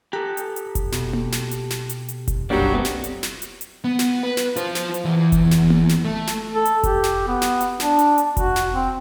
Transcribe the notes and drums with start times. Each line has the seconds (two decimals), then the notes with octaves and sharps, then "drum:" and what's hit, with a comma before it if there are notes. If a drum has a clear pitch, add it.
0.13 G4 A4 A#5 F#6
0.37 drum: hi-hat
0.56 drum: hi-hat
0.75 drum: kick F1, hi-hat
0.92 B2, drum: snare
1.13 drum: tom A#3
1.32 drum: snare
1.51 drum: hi-hat
1.70 drum: snare
1.89 drum: hi-hat
2.09 drum: hi-hat
2.28 drum: kick F1, hi-hat
2.50 B1 F#2 F#3 G3 A#3 D4
2.73 A3 B3 C4 G4
2.85 drum: snare
3.04 drum: hi-hat
3.23 drum: snare
3.42 drum: hi-hat
3.61 drum: hi-hat
3.84 B3
3.99 drum: snare
4.23 B4
4.37 drum: snare
4.56 F4 C5, drum: hi-hat
4.75 drum: snare
4.94 drum: hi-hat
5.05 E2 E3
5.32 drum: kick F1, hi-hat
5.51 drum: snare
5.70 drum: tom A#3
5.89 drum: snare
6.05 A3
6.27 drum: snare
6.55 A4
6.65 drum: hi-hat
6.83 G4, drum: kick F1, hi-hat
7.04 drum: snare
7.27 B3
7.42 drum: snare
7.61 drum: hi-hat
7.80 D4, drum: snare
7.99 drum: hi-hat
8.18 drum: hi-hat
8.37 F#4, drum: kick F1, hi-hat
8.56 drum: snare
8.73 C4